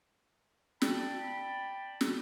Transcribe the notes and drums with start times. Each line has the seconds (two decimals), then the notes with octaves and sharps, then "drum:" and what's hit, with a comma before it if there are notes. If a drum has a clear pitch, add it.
0.82 D5 G5 A5 B5, drum: snare
2.01 drum: snare